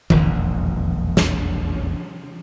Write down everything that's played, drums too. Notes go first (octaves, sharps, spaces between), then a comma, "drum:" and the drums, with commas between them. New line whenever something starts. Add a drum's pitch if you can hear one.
E1 A#1 F2, drum: tom D#3
drum: snare